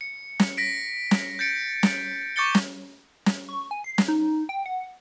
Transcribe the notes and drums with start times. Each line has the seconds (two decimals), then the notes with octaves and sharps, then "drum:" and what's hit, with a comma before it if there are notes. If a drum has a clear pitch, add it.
0.01 C#7
0.40 drum: snare
0.57 A#6 B6 D7
1.11 drum: snare
1.39 G6 A6 C#7 D7
1.83 drum: snare
2.36 C#6 D6 G6 A6 C#7 G7
2.55 drum: snare
3.26 drum: snare
3.49 C#6
3.71 G#5
3.84 C7
3.98 drum: snare
4.08 D#4
4.49 G5
4.66 F#5